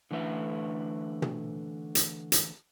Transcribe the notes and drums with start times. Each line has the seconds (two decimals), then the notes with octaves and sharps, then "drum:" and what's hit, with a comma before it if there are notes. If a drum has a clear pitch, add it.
0.11 D3 E3 A3 B4 E5
1.22 drum: tom
1.95 drum: hi-hat
2.32 drum: hi-hat